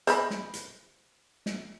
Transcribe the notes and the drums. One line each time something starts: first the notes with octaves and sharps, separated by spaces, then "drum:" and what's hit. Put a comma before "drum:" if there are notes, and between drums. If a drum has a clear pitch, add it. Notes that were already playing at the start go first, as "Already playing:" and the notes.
C5 D#5 B5, drum: hi-hat
drum: snare
drum: hi-hat
drum: snare